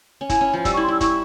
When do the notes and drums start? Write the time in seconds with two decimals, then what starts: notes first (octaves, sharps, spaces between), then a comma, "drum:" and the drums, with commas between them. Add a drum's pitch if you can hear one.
0.21 C#4
0.29 E4 G#5, drum: kick, hi-hat
0.41 C#4
0.53 F3
0.65 G3 E6, drum: kick, hi-hat
0.74 C#6
0.77 E4
0.83 C6
0.88 E4 E6
1.01 E4 C#6, drum: kick, hi-hat